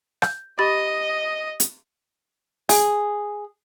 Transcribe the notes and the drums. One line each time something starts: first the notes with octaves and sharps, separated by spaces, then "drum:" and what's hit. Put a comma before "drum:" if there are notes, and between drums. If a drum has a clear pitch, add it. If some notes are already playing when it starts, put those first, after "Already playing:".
G6, drum: rim click
G4 D#5 B5 A6
drum: hi-hat
G#4, drum: open hi-hat